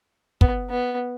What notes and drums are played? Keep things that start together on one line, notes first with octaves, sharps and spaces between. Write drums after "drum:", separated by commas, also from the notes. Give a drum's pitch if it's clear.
B3, drum: kick
B3